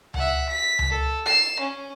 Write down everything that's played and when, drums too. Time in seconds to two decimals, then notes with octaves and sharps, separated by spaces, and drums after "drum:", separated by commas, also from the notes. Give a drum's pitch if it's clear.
0.14 E5 F#5, drum: tom C#2
0.49 B6
0.79 drum: tom C#2
0.89 A4
1.26 C7 E7, drum: rim click
1.59 C#4